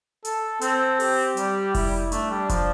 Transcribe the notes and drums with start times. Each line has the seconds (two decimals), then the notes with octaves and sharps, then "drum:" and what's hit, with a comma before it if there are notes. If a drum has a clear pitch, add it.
0.25 A4, drum: hi-hat
0.61 C4 A4, drum: hi-hat
1.00 G4, drum: open hi-hat
1.37 G3, drum: hi-hat
1.75 E4, drum: kick F1, open hi-hat
2.12 A3 D4, drum: hi-hat
2.31 G3
2.49 F3, drum: kick F1, hi-hat